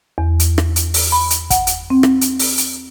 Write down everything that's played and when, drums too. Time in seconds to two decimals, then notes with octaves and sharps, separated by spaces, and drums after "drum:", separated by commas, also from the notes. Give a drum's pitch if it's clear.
0.18 E2
0.40 drum: hi-hat
0.58 drum: rim click
0.76 drum: hi-hat
0.94 drum: open hi-hat
1.12 B5
1.30 drum: hi-hat
1.50 F#5, drum: kick, hi-hat
1.67 drum: hi-hat
1.90 C4
2.03 drum: rim click
2.21 drum: hi-hat
2.39 drum: open hi-hat
2.58 drum: hi-hat